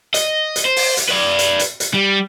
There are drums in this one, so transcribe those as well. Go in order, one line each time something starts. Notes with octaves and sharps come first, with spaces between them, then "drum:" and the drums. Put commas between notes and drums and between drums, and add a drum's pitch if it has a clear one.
D#5, drum: hi-hat
drum: hi-hat
C5
drum: open hi-hat
drum: hi-hat
B4 D5
drum: hi-hat
drum: hi-hat
drum: hi-hat
G3